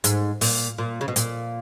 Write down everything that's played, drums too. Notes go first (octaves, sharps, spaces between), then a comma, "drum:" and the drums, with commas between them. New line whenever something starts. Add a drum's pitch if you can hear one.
G#2, drum: hi-hat
A#2, drum: open hi-hat
A#2
C#3
B2
A#2, drum: hi-hat